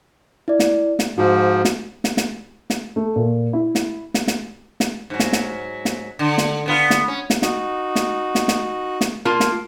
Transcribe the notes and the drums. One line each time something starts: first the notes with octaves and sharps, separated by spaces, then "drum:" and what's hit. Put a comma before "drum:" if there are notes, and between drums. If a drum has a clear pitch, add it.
E4 D5
drum: snare
drum: snare
G#2 F3 F#4
drum: snare
drum: snare
drum: snare
drum: snare
A3
A#2
E4
drum: snare
drum: snare
drum: snare
drum: snare
G#2 F#3
drum: snare
drum: snare
drum: snare
D3
drum: snare
D3 B3 F4
drum: snare
C#4
drum: snare
D#4 F#4, drum: snare
drum: snare
drum: snare
drum: snare
drum: snare
A#3 F4 A5
drum: snare